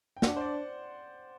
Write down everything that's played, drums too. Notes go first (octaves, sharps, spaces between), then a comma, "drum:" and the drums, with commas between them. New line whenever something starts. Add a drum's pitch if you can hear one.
G5
D4 F#5, drum: snare
C5
D5